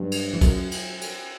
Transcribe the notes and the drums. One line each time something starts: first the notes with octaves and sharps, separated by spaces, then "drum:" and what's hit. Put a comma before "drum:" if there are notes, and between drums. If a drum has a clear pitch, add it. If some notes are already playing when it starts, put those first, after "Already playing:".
Already playing: G2 F#3
drum: cymbal
E3
F#2 F#3, drum: kick A#1, cymbal
drum: cymbal
drum: cymbal